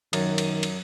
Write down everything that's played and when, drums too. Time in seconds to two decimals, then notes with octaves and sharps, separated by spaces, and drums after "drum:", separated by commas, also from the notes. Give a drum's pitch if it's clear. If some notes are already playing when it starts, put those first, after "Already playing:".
0.13 F#2 D#3, drum: cymbal
0.38 drum: cymbal
0.63 drum: cymbal